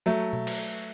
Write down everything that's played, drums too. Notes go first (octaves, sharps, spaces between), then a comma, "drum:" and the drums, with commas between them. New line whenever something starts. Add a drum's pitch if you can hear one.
F#3 A3
drum: tom B2
drum: cymbal